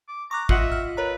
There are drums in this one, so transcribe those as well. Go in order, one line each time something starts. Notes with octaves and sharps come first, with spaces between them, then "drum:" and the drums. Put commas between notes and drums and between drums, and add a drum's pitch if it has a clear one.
D6
A#5 C#6 D6 F#6
F4 D#5 E5 F#5, drum: kick
F6
A#4 B4 C#5 A#5